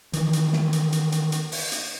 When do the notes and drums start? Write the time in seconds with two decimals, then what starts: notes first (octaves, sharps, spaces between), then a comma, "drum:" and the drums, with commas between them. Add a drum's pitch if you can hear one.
0.13 D#3 E3, drum: hi-hat
0.33 drum: hi-hat
0.53 drum: snare
0.73 drum: hi-hat
0.92 drum: hi-hat
1.12 drum: hi-hat
1.32 drum: hi-hat
1.52 drum: open hi-hat
1.72 drum: hi-hat